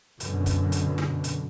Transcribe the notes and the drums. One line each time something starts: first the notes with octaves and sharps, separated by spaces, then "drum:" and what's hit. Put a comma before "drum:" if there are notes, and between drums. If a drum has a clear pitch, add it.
F#2 B2 D3, drum: hi-hat
drum: kick C#1, hi-hat
drum: hi-hat
drum: snare
drum: hi-hat